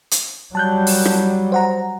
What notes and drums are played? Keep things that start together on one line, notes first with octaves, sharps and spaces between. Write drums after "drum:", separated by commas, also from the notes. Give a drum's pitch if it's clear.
drum: hi-hat
F#3 G3 A5 F#6 G6
drum: open hi-hat
drum: rim click
C5 F#5 A#5